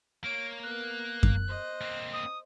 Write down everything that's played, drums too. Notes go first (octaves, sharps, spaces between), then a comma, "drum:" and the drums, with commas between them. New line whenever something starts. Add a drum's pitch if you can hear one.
A#3 C#5 D7
B3 A#4 F#6
drum: kick F#2
C5 D#5
A#3 C4
D#6